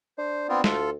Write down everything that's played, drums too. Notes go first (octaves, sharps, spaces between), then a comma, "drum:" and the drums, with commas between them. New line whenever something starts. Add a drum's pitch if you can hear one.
D4 C5
B3 C4 F4
D2 F4 A4, drum: snare